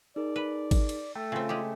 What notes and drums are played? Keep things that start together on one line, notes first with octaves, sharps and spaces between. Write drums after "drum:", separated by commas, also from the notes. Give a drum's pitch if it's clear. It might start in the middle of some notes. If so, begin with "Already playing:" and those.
D#4 G#4 A#4 D5
B4
drum: kick G#1, cymbal
drum: cymbal
A3 G5
C#3 C4 F4 G#5
G#3 G4